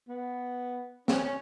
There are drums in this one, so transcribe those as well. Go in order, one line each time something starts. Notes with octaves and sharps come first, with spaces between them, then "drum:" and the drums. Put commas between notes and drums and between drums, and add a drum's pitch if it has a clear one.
B3
C#4, drum: snare
C#4